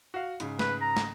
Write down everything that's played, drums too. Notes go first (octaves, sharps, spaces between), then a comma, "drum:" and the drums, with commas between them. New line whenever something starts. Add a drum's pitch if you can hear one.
F#4 F5
G#2 C#3, drum: hi-hat
B4, drum: snare
A#5
drum: snare